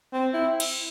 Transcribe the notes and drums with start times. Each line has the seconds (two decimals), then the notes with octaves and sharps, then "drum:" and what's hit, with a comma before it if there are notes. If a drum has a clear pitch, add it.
0.13 C4
0.34 E4
0.60 drum: cymbal